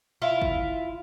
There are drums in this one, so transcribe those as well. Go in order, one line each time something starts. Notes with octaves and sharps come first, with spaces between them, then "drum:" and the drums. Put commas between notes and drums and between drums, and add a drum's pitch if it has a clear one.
E4 F4
drum: kick